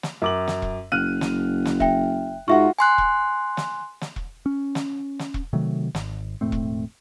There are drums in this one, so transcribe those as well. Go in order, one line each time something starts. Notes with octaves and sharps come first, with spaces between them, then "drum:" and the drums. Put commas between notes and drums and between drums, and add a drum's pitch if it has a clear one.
drum: snare
F#2 D6 F#7
drum: snare
drum: kick E1
F#1 F6 F#6 D#7
drum: snare
drum: snare
E5 G5, drum: kick E1
G#2 F4 F#4 E5 C#6
G#5 C6 F#6
drum: kick E1
drum: snare
drum: snare
drum: kick E1
C#4
drum: snare
drum: snare
drum: kick E1
C3 D#3 F#3 A3
G#1, drum: snare
E1 A2 A3 C4
drum: kick E1